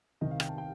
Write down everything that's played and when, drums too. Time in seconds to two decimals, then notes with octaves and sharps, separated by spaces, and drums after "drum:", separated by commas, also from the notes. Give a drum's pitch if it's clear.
0.21 C2 C3 D#3 D#5
0.31 F5
0.40 G5, drum: rim click
0.49 A5
0.58 G5